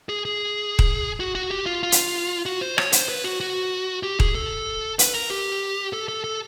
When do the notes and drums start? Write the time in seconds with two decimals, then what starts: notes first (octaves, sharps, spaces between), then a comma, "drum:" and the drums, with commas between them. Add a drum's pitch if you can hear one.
0.09 G#4
0.25 G#4
0.79 drum: kick D#1
1.20 F#4
1.35 F#4
1.51 G4
1.66 F4
1.83 F4
1.92 drum: hi-hat
2.46 F#4
2.61 C5
2.78 C#5, drum: rim click
2.92 C5, drum: hi-hat
3.09 B4
3.24 F#4
3.40 F#4
4.03 G4
4.20 G#4, drum: kick D#1
4.35 A4
4.99 B4, drum: hi-hat
5.15 A#4
5.30 G4
5.93 A4
6.08 A4
6.24 A4